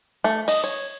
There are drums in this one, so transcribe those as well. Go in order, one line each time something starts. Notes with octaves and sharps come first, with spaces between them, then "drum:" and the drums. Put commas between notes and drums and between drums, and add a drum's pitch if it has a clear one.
A3
D#5, drum: cymbal
C#5